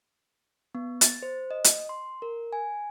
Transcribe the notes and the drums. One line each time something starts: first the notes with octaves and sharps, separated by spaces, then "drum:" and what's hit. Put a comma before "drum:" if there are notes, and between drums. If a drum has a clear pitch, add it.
B3
A6, drum: hi-hat
C5
D#5
drum: hi-hat
C6
A#4
G#5